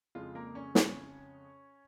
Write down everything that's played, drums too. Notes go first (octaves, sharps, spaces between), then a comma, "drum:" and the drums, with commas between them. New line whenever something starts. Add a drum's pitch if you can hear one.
F2 C#3 G#3 F4
A#3 A#4
C#4 C#5
C#4 C#5, drum: snare